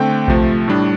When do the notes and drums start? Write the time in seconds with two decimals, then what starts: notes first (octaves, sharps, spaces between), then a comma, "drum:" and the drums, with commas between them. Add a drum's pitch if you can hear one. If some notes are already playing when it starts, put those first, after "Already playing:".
Already playing: D3 A3 C4 G5
0.28 C3 F3 A3, drum: kick A#1
0.68 A2 G3 D4